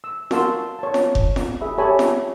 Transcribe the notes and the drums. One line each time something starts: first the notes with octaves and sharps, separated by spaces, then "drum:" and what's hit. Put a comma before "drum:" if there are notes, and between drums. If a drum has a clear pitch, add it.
E6
F#4 A#4 F5 A5 C6 E6, drum: snare
C#5 A5
drum: snare
drum: kick F1
drum: snare
G#4 E5 B5
G4 A4 C#5 G#5 A5 B5
drum: snare